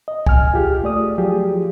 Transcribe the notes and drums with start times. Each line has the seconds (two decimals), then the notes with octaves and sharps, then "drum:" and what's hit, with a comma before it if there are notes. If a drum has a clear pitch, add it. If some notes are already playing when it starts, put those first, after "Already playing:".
0.08 D#5
0.26 G#5 F6, drum: kick C2
0.54 F4 G4 G#4
0.84 A3 D5 D#6
1.18 F3 F#3 F4 G4 G#4